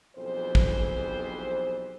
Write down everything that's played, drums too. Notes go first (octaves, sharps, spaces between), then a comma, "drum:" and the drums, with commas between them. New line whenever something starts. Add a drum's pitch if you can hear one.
B1 F2 E3 G3 G#4 C5
drum: kick